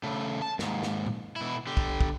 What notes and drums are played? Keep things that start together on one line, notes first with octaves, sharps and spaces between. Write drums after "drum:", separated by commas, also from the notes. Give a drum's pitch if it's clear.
C#3 A3
A5
D#2 G#2, drum: snare
drum: snare
drum: tom A#2
B2 E4
D3 G4
drum: kick
drum: kick